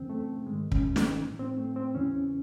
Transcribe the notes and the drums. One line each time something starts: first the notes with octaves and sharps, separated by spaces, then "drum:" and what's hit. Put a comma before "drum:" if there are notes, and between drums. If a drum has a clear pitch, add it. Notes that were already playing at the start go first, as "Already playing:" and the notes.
Already playing: F#2 C#3 E3 C4
A3
G#2 D#3 G#3
C#4, drum: kick
D#4, drum: snare
A2 E3
C4
A3
C4
E2 C#3 E3 C#4